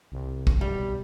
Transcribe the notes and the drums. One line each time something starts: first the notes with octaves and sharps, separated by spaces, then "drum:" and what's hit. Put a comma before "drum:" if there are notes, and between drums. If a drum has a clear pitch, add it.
C2
drum: kick
B1 G3